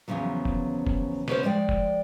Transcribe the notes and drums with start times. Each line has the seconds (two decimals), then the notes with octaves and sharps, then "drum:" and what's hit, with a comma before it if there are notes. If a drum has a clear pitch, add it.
0.08 E2 A2 C#3 F3 F#3
0.45 drum: kick F1
0.87 drum: kick F1
1.28 B3 C#4 B4 C5, drum: snare
1.43 F3 G#3 D5 G5
1.69 drum: kick F1